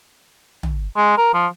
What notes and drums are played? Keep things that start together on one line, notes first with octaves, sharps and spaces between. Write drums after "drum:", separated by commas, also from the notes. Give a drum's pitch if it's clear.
drum: tom
G#3
A#4
F3